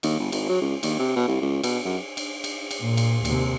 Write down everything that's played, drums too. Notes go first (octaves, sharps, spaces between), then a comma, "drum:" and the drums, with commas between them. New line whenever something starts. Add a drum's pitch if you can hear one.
D#2, drum: cymbal
G1
G#1, drum: cymbal
F#3
C#2
D#2, drum: cymbal
C3
B2
C2
C#2
B2, drum: cymbal
F#2
drum: cymbal
drum: cymbal
drum: cymbal
A#2
drum: cymbal
D#2 C3, drum: cymbal